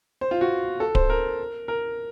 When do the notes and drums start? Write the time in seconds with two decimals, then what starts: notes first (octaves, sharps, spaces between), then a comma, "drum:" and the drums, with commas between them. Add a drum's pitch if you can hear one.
0.21 C5
0.31 F4
0.41 F#4
0.80 A4
0.95 C5, drum: kick D1
1.10 A#4
1.68 A#4